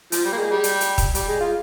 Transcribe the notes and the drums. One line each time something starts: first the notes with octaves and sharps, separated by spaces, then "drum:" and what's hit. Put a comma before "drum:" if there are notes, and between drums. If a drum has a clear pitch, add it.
F3, drum: hi-hat
G3
A#3
G#3
G3
drum: hi-hat
drum: hi-hat
drum: kick D#1, hi-hat
G3, drum: hi-hat
G#3
F4